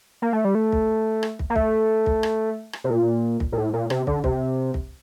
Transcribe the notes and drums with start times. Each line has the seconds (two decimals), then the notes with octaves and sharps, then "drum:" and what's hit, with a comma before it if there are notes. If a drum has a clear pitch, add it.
0.22 A#3
0.33 A3
0.45 G3
0.55 A3
0.72 drum: kick
1.23 drum: rim click
1.39 drum: kick
1.50 A#3
1.56 A3, drum: kick
2.06 drum: kick
2.23 drum: rim click
2.73 drum: rim click
2.84 C3
2.90 A#2
3.40 drum: kick
3.52 A#2
3.57 A2
3.73 A#2
3.90 C3, drum: rim click
4.07 D3, drum: kick
4.24 C3, drum: kick
4.74 drum: kick